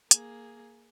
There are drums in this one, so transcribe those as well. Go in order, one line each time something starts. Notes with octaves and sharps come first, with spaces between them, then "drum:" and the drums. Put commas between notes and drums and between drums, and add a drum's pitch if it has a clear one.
A#3 G#4, drum: hi-hat